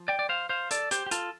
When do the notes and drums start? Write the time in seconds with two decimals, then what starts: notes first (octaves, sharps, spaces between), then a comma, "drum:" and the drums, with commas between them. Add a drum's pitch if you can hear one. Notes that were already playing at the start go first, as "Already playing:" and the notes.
Already playing: F3
0.08 D5 G5
0.19 D5
0.29 C5 F5
0.49 C5 F5
0.71 A4 D5, drum: hi-hat
0.91 G4 C5, drum: hi-hat
1.06 G4
1.11 F4 A4, drum: hi-hat